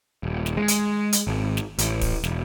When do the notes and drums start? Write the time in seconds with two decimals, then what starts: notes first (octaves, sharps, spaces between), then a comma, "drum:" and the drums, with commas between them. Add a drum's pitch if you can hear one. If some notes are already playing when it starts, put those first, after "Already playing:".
0.23 D#1
0.46 drum: snare
0.57 G#3
0.68 drum: hi-hat
1.13 drum: hi-hat
1.27 G#1
1.57 drum: snare
1.78 A1, drum: hi-hat
2.01 drum: kick, open hi-hat
2.24 E1, drum: snare